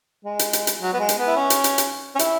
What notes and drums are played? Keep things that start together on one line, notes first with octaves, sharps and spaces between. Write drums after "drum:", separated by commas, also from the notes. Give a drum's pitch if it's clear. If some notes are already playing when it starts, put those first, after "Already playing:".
G#3
drum: hi-hat
drum: hi-hat
drum: hi-hat
F#3
B3
G#3
drum: hi-hat
B3
E4
C#4
drum: hi-hat
drum: hi-hat
drum: hi-hat
C#4
E4, drum: hi-hat